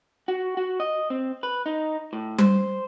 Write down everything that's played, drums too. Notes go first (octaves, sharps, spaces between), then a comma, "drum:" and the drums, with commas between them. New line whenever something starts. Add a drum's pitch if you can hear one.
F#4
F#4
D#5
C4
B4
D#4
A2
C5, drum: tom G3